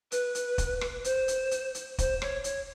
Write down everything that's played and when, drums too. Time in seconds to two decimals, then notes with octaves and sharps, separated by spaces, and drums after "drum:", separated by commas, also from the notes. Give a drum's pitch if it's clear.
0.12 B4, drum: hi-hat
0.35 drum: hi-hat
0.58 drum: kick, hi-hat
0.81 drum: rim click
1.04 C5, drum: hi-hat
1.28 drum: hi-hat
1.51 drum: hi-hat
1.75 drum: hi-hat
1.98 C5, drum: kick, hi-hat
2.22 C#5, drum: rim click
2.44 C#5, drum: hi-hat